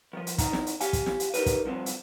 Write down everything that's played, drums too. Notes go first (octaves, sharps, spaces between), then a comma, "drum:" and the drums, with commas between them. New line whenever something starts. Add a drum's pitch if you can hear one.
D#3 F3
drum: hi-hat
C3 D4 D#4 A#5, drum: kick, hi-hat
drum: snare
drum: hi-hat
G4 F5 G#5, drum: hi-hat
drum: kick, hi-hat
drum: snare
drum: hi-hat
D#4 G4 G#4 A#4 B4, drum: hi-hat
drum: kick, hi-hat
G2 D3 F3 C4
drum: hi-hat